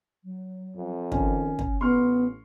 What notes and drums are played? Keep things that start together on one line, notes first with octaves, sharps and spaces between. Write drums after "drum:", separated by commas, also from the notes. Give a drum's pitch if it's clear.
F#3
F2
D#3 C#4, drum: kick
drum: kick
A1 B3 C6 C#6 F6